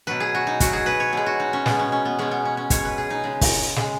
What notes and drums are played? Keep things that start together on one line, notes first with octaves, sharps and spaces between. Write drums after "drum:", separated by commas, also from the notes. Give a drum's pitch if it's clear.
B2 F#3 B4
G#4
F#4
D#4
B2 F#3 F#4, drum: kick, hi-hat
G#4
B4
C#5
B2 G#3 G#4
F#4
D#4
C#4
B2 G#3 B3, drum: snare
C#4
C#4
B3
B2 G#3 C#4
B3
C#4
C#4
B2 G#3 C#5, drum: kick, hi-hat
B4
G#4
D#4
C#3 G#3
drum: kick, open hi-hat
C#3 G#3, drum: snare